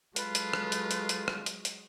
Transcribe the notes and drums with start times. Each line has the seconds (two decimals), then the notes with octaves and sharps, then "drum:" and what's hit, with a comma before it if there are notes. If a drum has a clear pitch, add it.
0.16 F#3 G#3 F4 A4 B4, drum: hi-hat
0.35 drum: hi-hat
0.53 drum: rim click
0.72 drum: hi-hat
0.91 drum: hi-hat
1.09 drum: hi-hat
1.28 drum: rim click
1.46 drum: hi-hat
1.65 drum: hi-hat